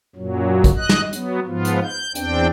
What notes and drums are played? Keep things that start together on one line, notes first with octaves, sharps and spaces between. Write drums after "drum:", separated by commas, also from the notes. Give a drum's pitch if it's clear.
F#2 A#2 F#3
drum: kick, hi-hat
D#5 F#6
drum: snare
F#3 B3, drum: hi-hat
G#2 F3 B3 F4
drum: hi-hat
G6
E2 C4 D4 G5, drum: hi-hat